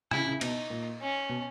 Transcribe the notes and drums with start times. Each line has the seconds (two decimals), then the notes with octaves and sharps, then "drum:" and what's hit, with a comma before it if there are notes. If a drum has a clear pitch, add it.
0.11 C#3 E4, drum: rim click
0.26 C#3
0.41 B2 D#4, drum: cymbal
0.70 A#2
1.01 C#4
1.29 B2